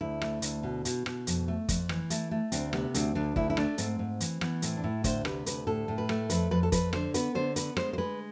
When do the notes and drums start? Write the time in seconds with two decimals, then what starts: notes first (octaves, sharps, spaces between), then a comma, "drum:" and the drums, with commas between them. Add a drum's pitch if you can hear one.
0.01 D2 E4
0.22 A3, drum: rim click
0.42 D2, drum: hi-hat
0.63 B2
0.85 B2, drum: hi-hat
1.06 B2, drum: rim click
1.27 F2, drum: hi-hat
1.48 A3
1.69 F2, drum: kick, hi-hat
1.89 E3, drum: rim click
2.10 A3, drum: hi-hat
2.31 A3
2.52 D2 C4, drum: hi-hat
2.73 C3 B3, drum: rim click
2.94 D2 C4, drum: hi-hat
3.15 D2 D4
3.36 D2 E4, drum: kick
3.50 E4
3.57 A3 D4, drum: rim click
3.78 G#2 C4, drum: hi-hat
3.99 G#2
4.20 E3, drum: hi-hat
4.41 E3 B3, drum: rim click
4.62 A2 C4, drum: hi-hat
4.77 D4
4.84 A2 E4
5.04 D2 C5, drum: kick, hi-hat
5.25 C3 B4, drum: rim click
5.46 D2 B4, drum: hi-hat
5.67 A2 A4
5.88 A2
5.98 B4
6.09 A3, drum: rim click
6.30 F2 B4, drum: hi-hat
6.51 F2 B4
6.63 A4
6.72 F2 B4, drum: kick, hi-hat
6.93 D3 C5, drum: rim click
7.14 B3 B4, drum: hi-hat
7.35 D3 C5
7.56 B3 B4, drum: hi-hat
7.77 G#3 C5, drum: rim click
7.93 C5
7.98 G#3 B4